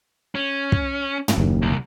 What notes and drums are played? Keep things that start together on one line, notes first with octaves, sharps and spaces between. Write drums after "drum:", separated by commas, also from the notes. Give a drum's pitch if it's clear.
C#4
drum: kick
drum: tom
F#1 D#2
C2